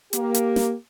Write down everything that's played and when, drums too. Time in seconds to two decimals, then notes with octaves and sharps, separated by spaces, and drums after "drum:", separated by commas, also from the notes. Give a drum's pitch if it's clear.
0.13 A#3 G4, drum: hi-hat
0.34 drum: hi-hat
0.56 drum: snare